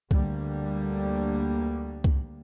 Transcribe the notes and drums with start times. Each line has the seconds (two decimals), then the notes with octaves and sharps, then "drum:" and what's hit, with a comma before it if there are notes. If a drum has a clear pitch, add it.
0.11 D2 D3 G3 A#3, drum: kick C2
2.04 drum: kick C2